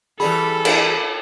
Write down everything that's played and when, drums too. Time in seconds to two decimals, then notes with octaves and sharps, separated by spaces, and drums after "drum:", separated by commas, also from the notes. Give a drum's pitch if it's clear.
0.20 E3 G3 G#4 A4 B5
0.65 drum: cymbal